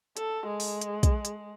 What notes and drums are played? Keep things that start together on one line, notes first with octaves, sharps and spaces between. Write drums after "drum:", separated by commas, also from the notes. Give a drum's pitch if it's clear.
A4, drum: hi-hat
G#3
drum: open hi-hat
drum: hi-hat
drum: kick, hi-hat
drum: hi-hat